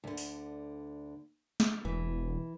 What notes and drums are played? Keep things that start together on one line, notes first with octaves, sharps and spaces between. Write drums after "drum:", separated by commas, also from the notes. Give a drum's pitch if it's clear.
D2 D3
drum: open hi-hat
drum: snare
E1 E3